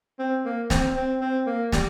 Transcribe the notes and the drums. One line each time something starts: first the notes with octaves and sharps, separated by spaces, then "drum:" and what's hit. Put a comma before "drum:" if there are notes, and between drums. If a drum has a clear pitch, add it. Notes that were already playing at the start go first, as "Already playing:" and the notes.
C4
A#3
C4, drum: snare
C4
C4
A#3
G3, drum: snare